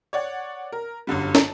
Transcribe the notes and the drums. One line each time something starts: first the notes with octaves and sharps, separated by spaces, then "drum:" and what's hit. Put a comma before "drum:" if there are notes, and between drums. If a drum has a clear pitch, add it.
C#5 D5 F#5
A#4
G1 F#2 D3 G3
A5, drum: snare